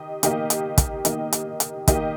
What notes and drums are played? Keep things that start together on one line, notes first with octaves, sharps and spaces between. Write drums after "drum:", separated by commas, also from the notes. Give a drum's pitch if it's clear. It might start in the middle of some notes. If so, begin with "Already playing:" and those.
Already playing: D#3 G4 D#5
D#3 A#3 G4 D#5, drum: hi-hat
drum: hi-hat
drum: kick, hi-hat
D#3 A#3 G4 D#5, drum: hi-hat
drum: hi-hat
drum: hi-hat
D#3 A#3 G4 D#5, drum: kick, hi-hat